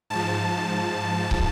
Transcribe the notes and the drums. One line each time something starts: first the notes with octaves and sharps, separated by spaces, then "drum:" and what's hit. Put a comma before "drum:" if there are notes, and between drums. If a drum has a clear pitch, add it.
G#2 F3 A5
drum: kick